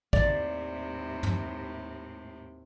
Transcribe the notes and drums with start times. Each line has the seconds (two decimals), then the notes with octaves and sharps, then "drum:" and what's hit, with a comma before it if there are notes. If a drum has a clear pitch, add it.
0.13 D#2 A2 C3 D5, drum: kick
1.23 drum: tom